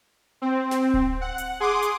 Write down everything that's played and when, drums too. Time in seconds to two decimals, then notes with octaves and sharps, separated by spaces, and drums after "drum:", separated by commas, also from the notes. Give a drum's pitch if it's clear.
0.42 C4
0.71 drum: snare
0.94 drum: kick D1
1.21 F#5
1.38 drum: hi-hat
1.60 G#4 C6 D6 D#6
1.82 drum: hi-hat